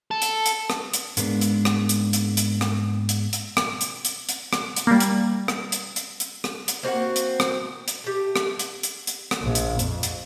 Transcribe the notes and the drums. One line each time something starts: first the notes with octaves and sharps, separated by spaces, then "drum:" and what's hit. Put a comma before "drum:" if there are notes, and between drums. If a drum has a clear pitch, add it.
A4
drum: hi-hat
drum: hi-hat
drum: rim click
drum: hi-hat
G#2 G#3 A#3 B3 D4, drum: hi-hat
drum: hi-hat
drum: rim click
drum: hi-hat
drum: hi-hat
drum: hi-hat
drum: rim click
drum: hi-hat
drum: hi-hat
drum: rim click
drum: hi-hat
drum: hi-hat
drum: hi-hat
drum: rim click
drum: hi-hat
G3 A#3
drum: hi-hat
drum: rim click
drum: hi-hat
drum: hi-hat
drum: hi-hat
drum: rim click
drum: hi-hat
A#3 C4 F#4 F#5
drum: hi-hat
drum: rim click
drum: hi-hat
A3 G4
drum: rim click
drum: hi-hat
drum: hi-hat
drum: hi-hat
drum: rim click
A#1
drum: hi-hat
F2, drum: hi-hat
drum: hi-hat